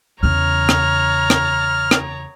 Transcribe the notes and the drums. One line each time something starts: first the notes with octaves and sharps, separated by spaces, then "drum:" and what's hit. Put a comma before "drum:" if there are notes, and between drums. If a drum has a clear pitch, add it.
E2 C#3 C#5 A#5 F6
drum: rim click
drum: rim click
drum: rim click